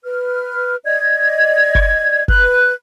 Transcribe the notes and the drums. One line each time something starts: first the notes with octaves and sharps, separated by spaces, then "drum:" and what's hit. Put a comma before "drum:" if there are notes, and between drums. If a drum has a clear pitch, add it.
B4 F6
D5 D#5 G#6
drum: kick F#1
B4 F#6, drum: kick F#1